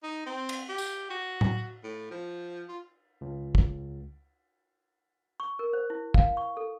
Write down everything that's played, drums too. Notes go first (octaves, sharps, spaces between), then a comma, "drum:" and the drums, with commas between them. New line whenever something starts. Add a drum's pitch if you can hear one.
D#4
C4
drum: cymbal
G4
drum: tambourine
F#4
drum: tom A2
A2
F3
F4
C#2
drum: kick
C#6
A#4
C5
E4
F5, drum: kick
C#6
A4